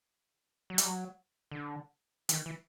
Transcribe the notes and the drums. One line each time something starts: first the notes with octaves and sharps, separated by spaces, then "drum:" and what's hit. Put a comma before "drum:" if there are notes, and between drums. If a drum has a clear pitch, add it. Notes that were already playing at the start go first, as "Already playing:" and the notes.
F#3
G3, drum: hi-hat
F#3
D3
E3, drum: hi-hat
D#3
E3